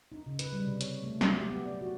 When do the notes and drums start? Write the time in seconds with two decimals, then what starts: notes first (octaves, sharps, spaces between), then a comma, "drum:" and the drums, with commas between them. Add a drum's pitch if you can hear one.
0.12 D#4
0.26 C#3
0.39 B4, drum: hi-hat
0.53 G3
0.67 C3
0.81 C#5, drum: hi-hat
1.03 A3
1.21 F#3, drum: snare
1.36 G4
1.50 B3
1.65 D5
1.81 F#4